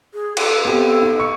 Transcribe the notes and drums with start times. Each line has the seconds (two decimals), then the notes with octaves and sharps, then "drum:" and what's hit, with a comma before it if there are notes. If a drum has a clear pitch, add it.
0.14 G#4
0.37 A4, drum: cymbal
0.65 B3 C4 G4 A4
1.03 D#4
1.19 C#6 C#7